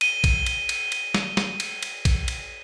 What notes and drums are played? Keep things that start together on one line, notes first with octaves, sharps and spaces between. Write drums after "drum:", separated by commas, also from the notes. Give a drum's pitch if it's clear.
D#7 G7, drum: cymbal
drum: kick, cymbal
drum: cymbal
drum: cymbal
drum: cymbal
drum: snare
drum: snare
drum: cymbal
drum: cymbal
drum: kick, cymbal
drum: cymbal